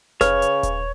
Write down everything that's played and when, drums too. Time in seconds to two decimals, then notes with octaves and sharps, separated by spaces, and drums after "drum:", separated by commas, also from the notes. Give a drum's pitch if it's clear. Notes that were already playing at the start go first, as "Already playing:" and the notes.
0.21 C#3 B4 C#5, drum: snare F1
0.42 drum: hi-hat
0.63 drum: kick D#1, hi-hat